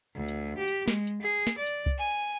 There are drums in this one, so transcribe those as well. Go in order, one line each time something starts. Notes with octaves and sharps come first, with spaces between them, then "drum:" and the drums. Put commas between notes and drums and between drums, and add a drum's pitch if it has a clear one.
D2
drum: hi-hat
G4
drum: hi-hat
G#3, drum: snare
drum: hi-hat
G#4
drum: snare
D5
drum: hi-hat
drum: kick C2
G#5